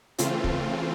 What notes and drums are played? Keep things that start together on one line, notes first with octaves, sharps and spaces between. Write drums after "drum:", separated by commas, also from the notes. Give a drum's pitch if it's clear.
C#3 E3 A3 C4 F4, drum: hi-hat
drum: kick